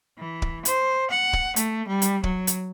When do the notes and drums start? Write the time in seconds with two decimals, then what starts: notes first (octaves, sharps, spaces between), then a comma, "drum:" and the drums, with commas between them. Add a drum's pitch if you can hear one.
0.19 E3
0.42 drum: kick D1
0.65 C5, drum: hi-hat
1.10 F#5
1.33 drum: kick D1
1.56 A3, drum: hi-hat
1.88 G3
2.02 drum: hi-hat
2.24 F#3, drum: kick D1
2.47 drum: hi-hat